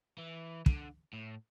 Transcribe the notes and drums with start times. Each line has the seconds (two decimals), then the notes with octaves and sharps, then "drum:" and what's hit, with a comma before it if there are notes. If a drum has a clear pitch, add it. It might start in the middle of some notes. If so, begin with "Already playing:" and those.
0.18 E3
0.66 D3, drum: kick
1.13 A2